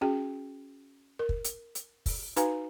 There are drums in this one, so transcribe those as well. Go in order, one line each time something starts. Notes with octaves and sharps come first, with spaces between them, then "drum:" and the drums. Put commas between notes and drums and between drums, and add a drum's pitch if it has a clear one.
C#4 F#4 G#4 G5
A#4
drum: kick
drum: hi-hat
drum: hi-hat
drum: kick, open hi-hat
D#4 F#4 B4 F5 G#5 A#5, drum: hi-hat